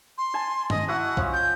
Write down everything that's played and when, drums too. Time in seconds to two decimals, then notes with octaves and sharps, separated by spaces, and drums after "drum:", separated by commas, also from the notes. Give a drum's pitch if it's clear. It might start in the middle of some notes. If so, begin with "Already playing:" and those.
0.18 C6
0.34 G#5 A5
0.70 D#5, drum: tom G2
0.88 E4 F#4 D#5 F#5
1.17 F3 C#4, drum: kick B1
1.33 G6